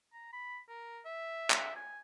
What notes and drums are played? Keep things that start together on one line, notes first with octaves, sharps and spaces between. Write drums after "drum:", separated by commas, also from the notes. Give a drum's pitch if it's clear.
A#5
B5
A#4
E5
drum: clap
G#5